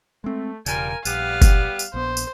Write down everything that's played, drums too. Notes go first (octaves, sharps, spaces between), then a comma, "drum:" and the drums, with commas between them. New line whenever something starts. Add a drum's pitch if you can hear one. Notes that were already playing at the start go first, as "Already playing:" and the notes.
G#3 A3 C4
E1 C#3 G3 F4 A#4 G#5, drum: tambourine
A#1 G3 B3 G4 F5, drum: tambourine
drum: kick F#1, tambourine
drum: tambourine
A#1 B3 C5
drum: tambourine